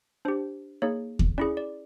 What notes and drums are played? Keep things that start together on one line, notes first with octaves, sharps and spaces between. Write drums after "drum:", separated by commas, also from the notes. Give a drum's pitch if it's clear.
D4 G4 C5
A#3 D#4 G#4 C#5
drum: kick D#2
C#4 E4 G#4 D5
D5